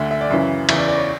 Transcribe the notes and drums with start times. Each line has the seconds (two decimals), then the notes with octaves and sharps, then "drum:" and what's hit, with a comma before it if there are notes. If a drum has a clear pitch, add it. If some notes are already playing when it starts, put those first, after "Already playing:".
Already playing: D2 D3 E5
0.11 E5
0.21 D5
0.30 F#2 C#3 E3 E5
0.69 E2 C#3 E3 E5, drum: cymbal
0.78 D5
0.88 D5
0.98 C#5